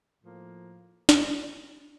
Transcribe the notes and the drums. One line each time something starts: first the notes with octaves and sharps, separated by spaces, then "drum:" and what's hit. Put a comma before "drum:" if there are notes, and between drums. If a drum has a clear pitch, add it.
A2 F3 A#3
drum: snare